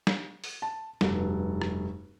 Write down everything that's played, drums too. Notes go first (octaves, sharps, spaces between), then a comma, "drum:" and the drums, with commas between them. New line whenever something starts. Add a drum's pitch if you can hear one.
drum: snare
drum: open hi-hat
A5
F1 G2 F#4 A4, drum: snare
drum: rim click